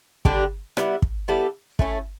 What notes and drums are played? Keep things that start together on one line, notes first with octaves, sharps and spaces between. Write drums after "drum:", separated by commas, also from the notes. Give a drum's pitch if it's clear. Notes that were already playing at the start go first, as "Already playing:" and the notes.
D3 G3 D4 G4, drum: kick
G3 B3 E4, drum: rim click
drum: kick
G3 B3 E4 A4
A3 C#4 E4 A4, drum: kick